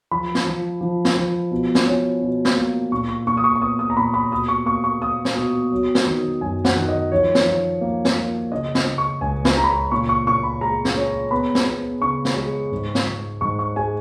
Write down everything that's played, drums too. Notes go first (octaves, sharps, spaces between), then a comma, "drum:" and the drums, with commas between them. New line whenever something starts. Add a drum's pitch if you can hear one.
F3 B5
drum: snare
F3
F3
drum: snare
F3
B2
drum: snare
C#4
B2
drum: snare
A#3
A#2 C#6
C#6
A#2 C#6
D#6
C#6
C#6
B3 D#6
D#6
A#5
A#2 B5
B5
B2 D#6
C#6
A#3 C#6
C#6
A#3 D#6
drum: snare
B2
F#3
drum: snare
D#3
F#2 G#5
F#5, drum: snare
D#3
D#5
F3 C#5
drum: snare
F3
A#3
drum: snare
A#3
C#3 D#5
drum: snare
C#3
C#6
C#2 G#5
drum: snare
C#3 A#5
B5
A#5
A#2 C#6
C#6
A#2 C#6
B5
G#3 A#5
drum: snare
C#4
B3 B5
drum: snare
B3
C#3 C#6
drum: snare
G#3
G#2
drum: snare
G#2
G#2 C#6
C#6
G#3 G#5